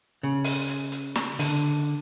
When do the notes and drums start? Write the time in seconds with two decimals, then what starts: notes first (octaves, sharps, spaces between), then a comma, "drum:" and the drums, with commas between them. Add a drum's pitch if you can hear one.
0.23 C#3
0.44 drum: open hi-hat
0.68 drum: hi-hat
0.92 drum: hi-hat
1.15 drum: snare
1.39 D3, drum: open hi-hat